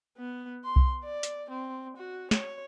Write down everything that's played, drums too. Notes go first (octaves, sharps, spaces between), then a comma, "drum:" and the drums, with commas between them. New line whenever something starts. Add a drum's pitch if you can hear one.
B3
C6
drum: kick B1
D5
drum: hi-hat
C4
F#4
C#5, drum: snare